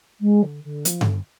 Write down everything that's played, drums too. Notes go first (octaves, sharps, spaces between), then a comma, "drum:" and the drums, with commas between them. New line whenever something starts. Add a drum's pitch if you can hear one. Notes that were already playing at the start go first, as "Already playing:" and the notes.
G#3
D3
D3
F3, drum: hi-hat
D3, drum: tom G2